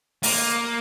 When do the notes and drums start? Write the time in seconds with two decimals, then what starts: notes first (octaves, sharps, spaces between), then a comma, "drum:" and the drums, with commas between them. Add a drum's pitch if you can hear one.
0.23 A#3, drum: open hi-hat